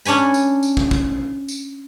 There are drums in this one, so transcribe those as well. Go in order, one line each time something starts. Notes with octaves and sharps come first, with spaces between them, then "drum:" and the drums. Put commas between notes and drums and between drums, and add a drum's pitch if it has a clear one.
C#4 D4 C#5 G#5 B5, drum: tambourine
drum: tambourine
drum: tambourine
drum: kick
drum: kick
drum: tambourine